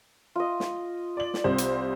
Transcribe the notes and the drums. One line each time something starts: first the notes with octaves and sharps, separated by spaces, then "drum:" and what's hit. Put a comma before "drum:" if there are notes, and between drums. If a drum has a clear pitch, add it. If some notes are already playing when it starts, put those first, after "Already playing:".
F4 D#5
drum: snare
D5 F#7
drum: snare
C2 G3 C5
drum: hi-hat